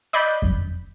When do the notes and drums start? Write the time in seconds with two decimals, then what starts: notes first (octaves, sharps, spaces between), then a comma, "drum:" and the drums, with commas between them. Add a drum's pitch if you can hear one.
0.13 D5 D#5 B5 F#6 G6 B6
0.42 drum: kick F2